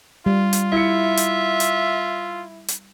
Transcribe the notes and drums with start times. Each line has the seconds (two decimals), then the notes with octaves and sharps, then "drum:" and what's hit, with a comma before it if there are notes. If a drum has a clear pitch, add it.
0.26 G3 F4
0.53 drum: hi-hat
0.72 E4 E5 C#7
1.17 drum: hi-hat
1.60 drum: hi-hat
2.68 drum: hi-hat